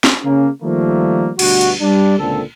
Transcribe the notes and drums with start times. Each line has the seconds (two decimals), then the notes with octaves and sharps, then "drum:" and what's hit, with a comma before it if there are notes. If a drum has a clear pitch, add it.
0.04 drum: snare
0.24 C#3 A#3
0.63 D#3 F3 G3 A3 A#3
1.39 D2 G2 B2 F#4, drum: cymbal
1.61 drum: hi-hat
1.81 G3 D4
2.18 C#2 A#2 D3 C4 A4